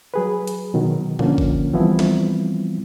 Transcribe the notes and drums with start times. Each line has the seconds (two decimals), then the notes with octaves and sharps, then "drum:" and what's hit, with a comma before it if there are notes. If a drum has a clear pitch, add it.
0.14 F#3 G#4 B4
0.47 drum: hi-hat
0.74 B2 D#3 F#3
1.19 D3 F3 A#3 C#4, drum: tom A#2
1.38 drum: kick G1
1.73 E3 F3 G3 B3 C4 E4
1.99 drum: snare